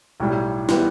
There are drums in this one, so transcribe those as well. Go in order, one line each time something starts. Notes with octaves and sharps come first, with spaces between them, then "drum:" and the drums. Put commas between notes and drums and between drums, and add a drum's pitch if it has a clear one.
B1 A2 G3
E3 G3 B3, drum: snare